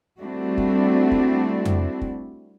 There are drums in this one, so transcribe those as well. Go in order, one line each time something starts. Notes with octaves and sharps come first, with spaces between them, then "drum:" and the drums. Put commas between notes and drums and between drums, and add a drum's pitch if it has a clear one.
G3 A3 C4 D4 E4 F#4
drum: kick
drum: kick
drum: tom F2
drum: kick